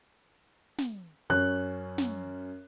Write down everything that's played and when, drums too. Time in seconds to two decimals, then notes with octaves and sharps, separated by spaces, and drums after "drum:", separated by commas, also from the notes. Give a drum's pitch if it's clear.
0.78 drum: snare
1.30 F#2 C#4 F#6
1.98 drum: snare